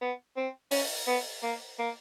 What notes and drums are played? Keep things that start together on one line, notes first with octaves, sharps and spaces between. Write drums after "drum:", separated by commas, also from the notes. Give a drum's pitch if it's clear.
B3
C4
C#4, drum: open hi-hat
B3
A#3
A#3